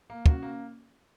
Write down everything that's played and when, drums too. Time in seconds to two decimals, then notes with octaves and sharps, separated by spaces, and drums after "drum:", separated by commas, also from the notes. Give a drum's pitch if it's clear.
0.10 A#3
0.26 C#4 F#4, drum: kick
0.43 A#3